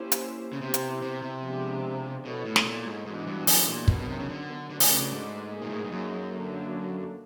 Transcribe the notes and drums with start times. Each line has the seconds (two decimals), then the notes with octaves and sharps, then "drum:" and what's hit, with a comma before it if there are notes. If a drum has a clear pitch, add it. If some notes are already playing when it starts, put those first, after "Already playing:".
Already playing: A#3 C#4 E4 G4 C5
0.12 drum: hi-hat
0.53 C#3
0.61 C3 B3 E4 G4 C5
0.74 drum: hi-hat
1.02 C3
1.22 C3
1.43 F3 G#3 B3 D4 G4
2.25 B2 B3 E4 A4 C#5
2.45 A2
2.56 drum: snare
2.66 A#2
2.86 G#2
3.06 G#2 E3 G#3 B3 D4 F#4
3.27 G2
3.47 F#2, drum: open hi-hat
3.67 A#2
3.88 B2 D#3 F#3 B3 D4, drum: kick
3.99 B2
4.09 C3
4.20 C#3
4.29 D3
4.70 D3 A3 D4 F#4 B4 D5
4.80 D3, drum: open hi-hat
4.90 C#3
5.01 C#3
5.11 G#2
5.52 A#3 D#4 G#4
5.62 A#2
5.70 A2
5.77 G#2
5.84 G2
5.92 F#2
6.34 D3 F#3 A#3 D4